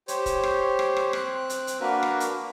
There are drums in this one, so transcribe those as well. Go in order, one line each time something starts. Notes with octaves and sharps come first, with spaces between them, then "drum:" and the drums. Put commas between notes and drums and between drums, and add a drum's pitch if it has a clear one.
G4 C5 C#5, drum: hi-hat
drum: kick E1, hi-hat
drum: rim click
drum: rim click
drum: rim click
C4 F#6, drum: rim click
drum: hi-hat
drum: hi-hat
A#3 D4 F#4 A#4 B4
drum: rim click
drum: hi-hat